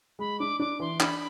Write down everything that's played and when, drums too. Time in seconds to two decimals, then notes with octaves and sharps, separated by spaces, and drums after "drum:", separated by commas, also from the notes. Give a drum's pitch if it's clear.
0.19 G#3 B5
0.39 D4 D6
0.60 D4 D6
0.80 E3 C6
1.00 D4 B5, drum: clap